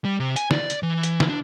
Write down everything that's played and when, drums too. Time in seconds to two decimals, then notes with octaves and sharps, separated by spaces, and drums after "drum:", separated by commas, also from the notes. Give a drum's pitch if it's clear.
0.05 G3
0.20 C3
0.36 G#5, drum: hi-hat
0.51 D5, drum: snare
0.70 drum: hi-hat
0.83 E3
1.03 drum: hi-hat
1.20 drum: snare
1.29 D4